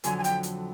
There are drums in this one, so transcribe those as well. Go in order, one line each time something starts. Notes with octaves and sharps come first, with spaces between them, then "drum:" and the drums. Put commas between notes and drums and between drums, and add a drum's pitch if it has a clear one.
F2 D3 F#3 G#5, drum: hi-hat
G#5
G5, drum: hi-hat
drum: hi-hat